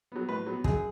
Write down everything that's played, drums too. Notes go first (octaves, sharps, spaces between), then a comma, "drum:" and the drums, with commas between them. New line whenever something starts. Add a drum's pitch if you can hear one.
F#3 B3
A2 B4
F#3 B3
F#2 G#4, drum: kick